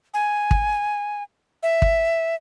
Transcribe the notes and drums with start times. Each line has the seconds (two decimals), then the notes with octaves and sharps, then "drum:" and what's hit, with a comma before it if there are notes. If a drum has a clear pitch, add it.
0.14 G#5
0.51 drum: kick
1.63 E5
1.82 drum: kick